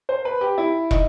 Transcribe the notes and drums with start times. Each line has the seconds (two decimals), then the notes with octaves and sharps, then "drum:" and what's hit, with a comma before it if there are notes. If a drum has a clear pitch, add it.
0.09 C5
0.25 B4
0.41 G4
0.58 E4
0.91 D#4, drum: kick